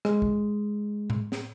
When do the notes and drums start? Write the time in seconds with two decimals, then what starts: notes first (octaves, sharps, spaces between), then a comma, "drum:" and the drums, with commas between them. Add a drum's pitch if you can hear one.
0.05 G#3, drum: rim click
0.22 drum: kick
1.10 drum: tom A2
1.32 drum: snare